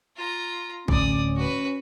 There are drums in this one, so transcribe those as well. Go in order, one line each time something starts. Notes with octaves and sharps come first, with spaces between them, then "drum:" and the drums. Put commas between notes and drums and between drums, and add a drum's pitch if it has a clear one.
F4 A#5
D1 C#4 D5 D#6, drum: kick
F#4 B4